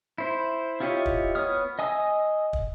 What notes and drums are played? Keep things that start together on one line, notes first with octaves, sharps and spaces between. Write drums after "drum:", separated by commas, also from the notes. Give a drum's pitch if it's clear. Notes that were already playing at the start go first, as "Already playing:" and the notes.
E4 C5
E4 F4 G4 C#5 D#5
drum: kick
B3 C#5 D#6 F6
D#5 G#5 D#6 E6
drum: kick